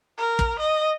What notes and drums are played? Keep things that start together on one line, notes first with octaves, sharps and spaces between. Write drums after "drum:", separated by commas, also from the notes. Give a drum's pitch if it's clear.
A#4
drum: kick
D#5